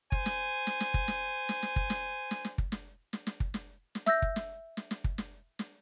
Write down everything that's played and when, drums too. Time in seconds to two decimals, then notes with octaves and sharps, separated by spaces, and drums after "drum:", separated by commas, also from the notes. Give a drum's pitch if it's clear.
0.12 C5 G#5, drum: kick
0.26 drum: snare
0.67 drum: snare
0.80 drum: snare
0.94 drum: kick
1.08 drum: snare
1.49 drum: snare
1.63 drum: snare
1.76 drum: kick
1.90 drum: snare
2.31 drum: snare
2.45 drum: snare
2.58 drum: kick
2.72 drum: snare
3.13 drum: snare
3.27 drum: snare
3.40 drum: kick
3.54 drum: snare
3.95 drum: snare
4.06 E5 E6 G6 A#6, drum: snare
4.22 drum: kick
4.36 drum: snare
4.77 drum: snare
4.91 drum: snare
5.04 drum: kick
5.18 drum: snare
5.59 drum: snare